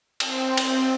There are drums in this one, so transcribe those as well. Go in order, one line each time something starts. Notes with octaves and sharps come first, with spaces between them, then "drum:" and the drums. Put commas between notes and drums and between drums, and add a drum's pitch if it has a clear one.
C4, drum: cymbal
drum: cymbal